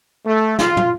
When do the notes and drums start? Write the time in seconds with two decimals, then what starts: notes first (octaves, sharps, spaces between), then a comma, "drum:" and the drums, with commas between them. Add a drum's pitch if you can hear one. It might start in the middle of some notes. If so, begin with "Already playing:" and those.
0.25 A3
0.59 F4, drum: snare
0.77 drum: tom